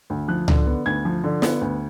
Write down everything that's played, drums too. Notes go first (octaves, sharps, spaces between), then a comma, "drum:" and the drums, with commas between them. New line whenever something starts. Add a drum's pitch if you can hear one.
D2
F3 F#6
D3, drum: tom C#2
B3
D2 G#6
F3
D3
B3, drum: snare
D2